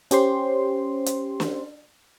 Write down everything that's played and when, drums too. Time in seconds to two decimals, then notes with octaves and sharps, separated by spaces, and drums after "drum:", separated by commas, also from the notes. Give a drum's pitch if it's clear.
0.11 C#4 G4 C5 C6, drum: hi-hat
1.06 drum: hi-hat
1.40 drum: snare